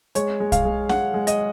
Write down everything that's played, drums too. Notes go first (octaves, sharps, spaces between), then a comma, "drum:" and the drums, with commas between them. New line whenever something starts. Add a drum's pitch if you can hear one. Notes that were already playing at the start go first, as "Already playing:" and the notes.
G#3 C#5, drum: hi-hat
G#3
F5, drum: kick, hi-hat
G#3
G#3 F#5, drum: snare
G#3
D#5, drum: hi-hat